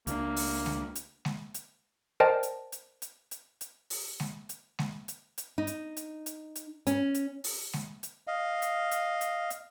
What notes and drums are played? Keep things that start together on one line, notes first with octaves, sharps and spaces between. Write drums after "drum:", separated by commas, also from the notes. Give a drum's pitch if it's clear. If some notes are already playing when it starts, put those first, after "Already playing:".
C#2 F3 A#3 D4, drum: hi-hat
drum: open hi-hat
drum: snare G#3
drum: hi-hat
drum: snare G#3
drum: hi-hat
A#4 C5 D5 D#5 G5 A5
drum: hi-hat
drum: hi-hat
drum: hi-hat
drum: hi-hat
drum: hi-hat
drum: open hi-hat
drum: snare G#3
drum: hi-hat
drum: snare G#3
drum: hi-hat
drum: hi-hat
D#4
drum: hi-hat
drum: hi-hat
drum: hi-hat
drum: hi-hat
C#4, drum: hi-hat
drum: hi-hat
drum: open hi-hat
drum: snare G#3
drum: hi-hat
D#5 F5
drum: hi-hat
drum: hi-hat
drum: hi-hat
drum: hi-hat